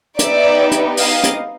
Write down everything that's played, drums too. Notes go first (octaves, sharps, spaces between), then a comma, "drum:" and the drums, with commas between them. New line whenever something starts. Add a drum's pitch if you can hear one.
B3 D#4 G4 D5 E5, drum: hi-hat
drum: hi-hat
D#5 F5, drum: open hi-hat
drum: hi-hat